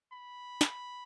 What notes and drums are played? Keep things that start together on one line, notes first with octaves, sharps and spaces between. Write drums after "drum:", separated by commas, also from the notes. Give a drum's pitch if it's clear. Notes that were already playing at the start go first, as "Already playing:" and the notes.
B5
drum: snare